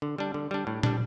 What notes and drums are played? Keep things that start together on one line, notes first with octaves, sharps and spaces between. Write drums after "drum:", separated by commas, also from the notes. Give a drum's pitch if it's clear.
D3
G3 D4
D3
G3 D4
A2
G3 D4, drum: tom